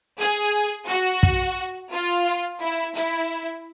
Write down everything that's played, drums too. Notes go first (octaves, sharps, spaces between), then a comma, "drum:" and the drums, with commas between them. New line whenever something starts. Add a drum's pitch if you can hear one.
G#4, drum: hi-hat
F#4, drum: hi-hat
drum: kick
F4
E4
E4, drum: hi-hat